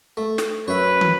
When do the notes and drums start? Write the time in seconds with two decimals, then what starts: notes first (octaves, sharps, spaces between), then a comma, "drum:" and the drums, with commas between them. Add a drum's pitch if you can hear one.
0.17 A3
0.38 drum: snare
0.68 F#2 B4 C#5 E5
1.01 drum: tom